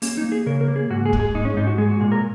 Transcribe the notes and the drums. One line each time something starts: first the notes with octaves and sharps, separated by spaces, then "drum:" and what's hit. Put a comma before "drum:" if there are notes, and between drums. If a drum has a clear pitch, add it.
A#3 C#4, drum: open hi-hat
D#4
A#3
G#4
C#3 A#4
A#4
A#3
G#4
G#2 F#4
G#4
G#3, drum: kick
G#4
G#2 D#4
C#4
G#2 D#4
F#4
G#3 G#4
F#4
A#2 G#4
A#4